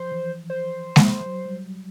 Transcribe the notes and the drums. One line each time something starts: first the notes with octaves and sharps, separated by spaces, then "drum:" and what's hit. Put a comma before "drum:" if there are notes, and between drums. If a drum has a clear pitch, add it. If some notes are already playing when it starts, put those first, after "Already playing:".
Already playing: F3 C5
E3
C5
drum: snare G#3
F#3
G3